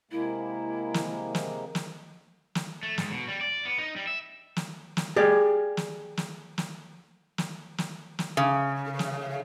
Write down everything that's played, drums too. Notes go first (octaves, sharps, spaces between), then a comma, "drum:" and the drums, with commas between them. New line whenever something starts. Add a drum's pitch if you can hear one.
C3 G#3 A#3 E4
drum: snare
drum: snare
drum: snare
drum: snare
A3
G#2, drum: snare
B2
G3
D5
B3
D#4
G3
E5
drum: snare
drum: snare
G4 G#4 D5
drum: snare
drum: snare
drum: snare
drum: snare
drum: snare
drum: snare
C#3
drum: snare